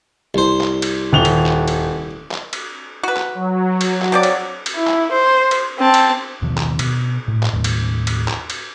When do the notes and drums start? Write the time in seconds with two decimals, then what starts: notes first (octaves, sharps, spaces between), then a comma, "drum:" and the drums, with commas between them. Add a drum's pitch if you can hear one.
0.34 C2 C5
0.61 drum: clap
0.82 drum: cymbal
1.13 D#1 F7 G7
1.25 drum: cymbal
1.46 drum: clap
1.68 drum: cymbal
2.32 drum: clap
2.53 drum: cymbal
3.03 F#4 B4
3.17 drum: clap
3.35 F#3
3.81 drum: cymbal
4.02 drum: clap
4.12 F3 C4 D5
4.23 drum: cymbal
4.66 drum: cymbal
4.76 E4
4.87 drum: clap
5.12 C5
5.51 drum: cymbal
5.79 C4 A5
5.94 drum: cymbal
6.42 D#2 B2 D#3 F3
6.58 drum: clap
6.79 B2, drum: cymbal
7.28 A2
7.43 drum: clap
7.53 D#2 A2
7.64 drum: cymbal
8.07 drum: cymbal
8.28 drum: clap
8.50 drum: cymbal